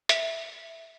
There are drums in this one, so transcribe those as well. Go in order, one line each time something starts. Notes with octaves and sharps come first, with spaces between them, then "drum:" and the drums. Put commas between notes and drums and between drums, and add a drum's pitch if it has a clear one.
E5, drum: hi-hat